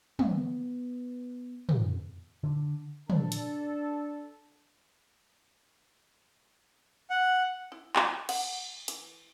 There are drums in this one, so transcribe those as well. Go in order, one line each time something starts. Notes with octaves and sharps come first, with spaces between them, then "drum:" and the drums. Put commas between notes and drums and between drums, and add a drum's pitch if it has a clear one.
B3, drum: tom
drum: tom
D3
D4 A4, drum: tom
drum: hi-hat
F#5
E4
G5, drum: clap
F#5, drum: cymbal
E3, drum: hi-hat